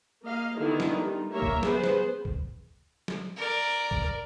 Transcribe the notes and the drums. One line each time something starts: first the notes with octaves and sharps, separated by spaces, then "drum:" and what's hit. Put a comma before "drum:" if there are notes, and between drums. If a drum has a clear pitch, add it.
A#3 D#5 F5
D3 D#3 B3 E4 F4
drum: snare
G3 D#4 F4
G3 A#3 A#4 C#5 E5
drum: kick C2
B3 G#4 B4 C5, drum: snare
drum: snare
drum: kick C2
drum: snare
A#4 D5
drum: kick C2